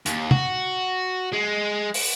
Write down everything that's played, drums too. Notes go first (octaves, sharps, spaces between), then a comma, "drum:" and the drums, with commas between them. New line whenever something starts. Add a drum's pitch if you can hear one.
D#2, drum: hi-hat
F#4, drum: tom
G#3
drum: open hi-hat